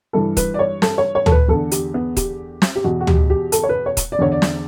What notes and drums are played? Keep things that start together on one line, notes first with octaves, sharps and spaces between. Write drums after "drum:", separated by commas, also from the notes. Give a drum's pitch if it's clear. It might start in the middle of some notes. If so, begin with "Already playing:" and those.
G2 E3 A4
B4, drum: kick D#1, hi-hat
D5
C#5
A4, drum: snare
C#5
C#5
A4, drum: tom
B4
E2 D3 A4
G4, drum: hi-hat
B3
G4, drum: kick D#1, hi-hat
drum: snare
G4
E2 B2 F#4
F#4
G4, drum: tom
G4
A4, drum: hi-hat
C#5
B4
C#5
drum: kick D#1, hi-hat
D5
E2 D3 C#5
D5
drum: snare